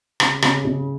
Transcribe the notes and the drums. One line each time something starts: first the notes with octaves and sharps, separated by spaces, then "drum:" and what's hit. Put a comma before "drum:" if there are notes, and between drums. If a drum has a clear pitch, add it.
C#3, drum: rim click
C#3, drum: rim click
C#3